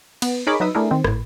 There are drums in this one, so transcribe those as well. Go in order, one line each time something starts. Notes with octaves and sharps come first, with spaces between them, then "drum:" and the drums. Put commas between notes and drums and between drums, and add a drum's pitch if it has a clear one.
B3, drum: cymbal
D#4 G#4 A#4 C#5 B5 D6
F#3 D#4 B4 E5 D#6
A3 D4 E4 G#4 A#4
D#3 C4
G#1 A2, drum: rim click